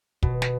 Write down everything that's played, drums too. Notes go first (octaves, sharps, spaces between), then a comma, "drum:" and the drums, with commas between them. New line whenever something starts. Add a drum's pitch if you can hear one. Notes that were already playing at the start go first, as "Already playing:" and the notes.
B2, drum: kick
drum: snare